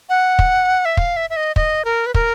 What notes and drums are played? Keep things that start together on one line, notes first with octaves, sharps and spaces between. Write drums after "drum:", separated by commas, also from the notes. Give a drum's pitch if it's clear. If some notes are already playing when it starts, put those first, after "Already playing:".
F#5
drum: kick
E5
F5, drum: kick
E5
E5
D#5
D#5, drum: kick
A#4
B4
A#4, drum: kick